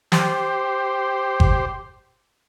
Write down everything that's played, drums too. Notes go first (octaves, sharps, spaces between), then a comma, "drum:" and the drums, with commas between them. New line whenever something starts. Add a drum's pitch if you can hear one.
G4 C5, drum: snare
drum: kick G1